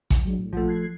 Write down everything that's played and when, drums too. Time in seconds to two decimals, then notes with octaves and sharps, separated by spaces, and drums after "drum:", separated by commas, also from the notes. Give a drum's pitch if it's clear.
0.10 drum: kick A1, hi-hat
0.24 F#3 G#3 D4
0.38 A2
0.53 A#1 F3 A3 F4 F#5
0.67 F#6 G#6 C7